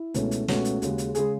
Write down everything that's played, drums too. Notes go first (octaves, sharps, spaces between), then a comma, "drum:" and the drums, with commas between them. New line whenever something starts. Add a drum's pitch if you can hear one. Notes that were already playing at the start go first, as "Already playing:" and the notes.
Already playing: E4
C#2 B2 A3 C#4, drum: kick, hi-hat
drum: hi-hat
C#2 B2 A3 C#4 F#4, drum: snare
drum: hi-hat
D#2 C#3 G#3, drum: hi-hat
drum: hi-hat
C#3 G#3 G#4, drum: hi-hat